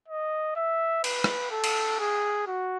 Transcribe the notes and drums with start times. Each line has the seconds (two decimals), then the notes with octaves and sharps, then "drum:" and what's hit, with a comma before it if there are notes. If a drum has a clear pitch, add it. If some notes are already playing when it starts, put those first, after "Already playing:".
0.08 D#5
0.56 E5
1.04 B4, drum: cymbal
1.24 drum: rim click
1.51 A4
1.64 drum: cymbal
1.99 G#4
2.47 F#4